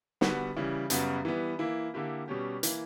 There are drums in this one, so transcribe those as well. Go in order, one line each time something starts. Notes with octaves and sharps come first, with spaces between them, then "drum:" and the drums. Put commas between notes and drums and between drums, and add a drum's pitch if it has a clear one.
D3 G3 B3 F#4, drum: snare
C#3 E3 G3
F#2 C#3 G3 B3 F#4, drum: hi-hat
E3 G3 B3
E3 A#3 E4
D3 A#3 E4 G4
B2 G3 C#4 G4
E3 A#3, drum: hi-hat